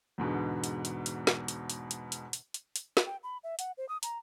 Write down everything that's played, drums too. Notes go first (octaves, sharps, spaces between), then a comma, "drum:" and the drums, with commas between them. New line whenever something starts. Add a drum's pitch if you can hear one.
E2 G#2 B2 D3
drum: hi-hat
drum: hi-hat
drum: hi-hat
drum: snare
drum: hi-hat
drum: hi-hat
drum: hi-hat
drum: hi-hat
drum: hi-hat
drum: hi-hat
drum: hi-hat
drum: snare
G5
B5
E5
F#5, drum: hi-hat
C5
D#6
A#5, drum: hi-hat